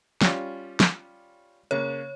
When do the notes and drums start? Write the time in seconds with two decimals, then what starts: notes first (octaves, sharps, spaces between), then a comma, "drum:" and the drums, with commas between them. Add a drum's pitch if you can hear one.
0.21 G3 C#4 F4, drum: snare
0.80 drum: snare
1.71 C#3 A#3 C#5